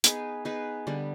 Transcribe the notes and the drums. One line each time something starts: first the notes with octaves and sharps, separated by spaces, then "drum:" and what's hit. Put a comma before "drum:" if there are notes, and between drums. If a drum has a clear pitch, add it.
B3 D#4 G#4 B4, drum: hi-hat
B3 D#4 G#4 B4
D3 G3 B3